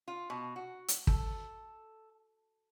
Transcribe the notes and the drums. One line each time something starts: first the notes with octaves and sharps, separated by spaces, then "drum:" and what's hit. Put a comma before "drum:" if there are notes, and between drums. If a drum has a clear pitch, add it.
F4
B2
F#4
drum: hi-hat
A4, drum: kick